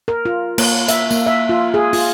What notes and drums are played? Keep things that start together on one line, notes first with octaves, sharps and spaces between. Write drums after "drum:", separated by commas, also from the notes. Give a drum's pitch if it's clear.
A#4
F4
A#3, drum: cymbal
E5, drum: hi-hat
A#3, drum: tambourine
E5
F4
G#4
F4, drum: open hi-hat